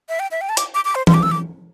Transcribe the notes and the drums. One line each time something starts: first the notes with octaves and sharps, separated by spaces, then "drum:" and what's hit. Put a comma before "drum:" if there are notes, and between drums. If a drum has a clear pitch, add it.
E5
G5
E5
G5
A5
D6, drum: hi-hat
D6
D6
C5
C6, drum: tom E3
D6
E6
D6